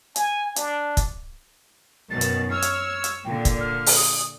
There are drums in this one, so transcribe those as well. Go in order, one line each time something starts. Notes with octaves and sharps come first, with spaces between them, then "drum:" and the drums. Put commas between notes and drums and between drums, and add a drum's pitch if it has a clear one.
G#5, drum: hi-hat
D4, drum: hi-hat
drum: kick, hi-hat
F#2 B2 D#3 A6
drum: hi-hat
C#5 E6 F6
drum: hi-hat
drum: hi-hat
A#2 D3 G5
drum: kick, hi-hat
F6
drum: open hi-hat
D#6